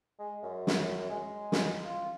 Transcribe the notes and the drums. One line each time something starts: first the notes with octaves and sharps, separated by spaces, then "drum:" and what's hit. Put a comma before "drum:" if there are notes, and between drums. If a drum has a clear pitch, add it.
G#3
F#2
drum: snare
G#3
drum: snare
F4